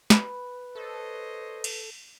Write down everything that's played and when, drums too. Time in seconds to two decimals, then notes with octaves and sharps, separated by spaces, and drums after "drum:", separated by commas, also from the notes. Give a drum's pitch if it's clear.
0.10 B4 B5, drum: snare
0.75 A4 C5 C#5 D#5
1.64 drum: cymbal